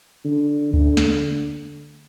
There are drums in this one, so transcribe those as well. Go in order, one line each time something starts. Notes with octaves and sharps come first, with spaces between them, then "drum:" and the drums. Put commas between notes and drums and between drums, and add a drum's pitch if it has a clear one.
D3
D3, drum: kick
drum: snare